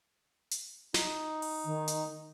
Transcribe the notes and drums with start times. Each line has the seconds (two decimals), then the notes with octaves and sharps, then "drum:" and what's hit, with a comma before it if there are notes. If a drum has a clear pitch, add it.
0.51 drum: hi-hat
0.94 D#4, drum: snare
1.42 drum: open hi-hat
1.65 D#3
1.88 drum: hi-hat